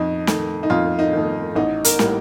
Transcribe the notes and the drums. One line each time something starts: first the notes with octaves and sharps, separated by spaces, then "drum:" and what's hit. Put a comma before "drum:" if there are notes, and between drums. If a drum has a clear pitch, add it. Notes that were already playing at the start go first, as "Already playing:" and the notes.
Already playing: F2 D#4
D#3 A3, drum: snare
D#4
F2 F4
D#4
D#3 A3
A1 D#4
A#4, drum: hi-hat
A2 G3 A#3, drum: snare